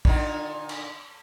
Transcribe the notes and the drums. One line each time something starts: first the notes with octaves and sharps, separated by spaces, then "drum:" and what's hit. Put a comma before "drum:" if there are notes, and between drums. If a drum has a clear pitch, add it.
A#2 D3 D#4, drum: kick
drum: cymbal